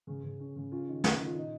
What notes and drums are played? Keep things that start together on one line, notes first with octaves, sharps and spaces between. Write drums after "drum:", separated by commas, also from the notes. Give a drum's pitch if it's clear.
C#3
C#3
C#4
C#3
C#4 F4
D#3
C#4, drum: snare
D#3
F4
A#2 D#4